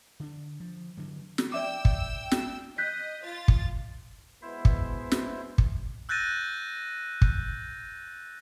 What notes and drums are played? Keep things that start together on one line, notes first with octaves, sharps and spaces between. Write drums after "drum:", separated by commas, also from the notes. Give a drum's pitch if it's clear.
D3 D4
F3
G2 D3 F#3
drum: snare
D5 E5 G5 D6 E6
drum: kick
drum: snare
D#5 F#6 G6 B6
F4 A6
drum: kick
B2 G#3 B3 E4 C5 E5
drum: kick
drum: snare
drum: kick
E6 F#6 G6 A6 A#6 D#7
drum: kick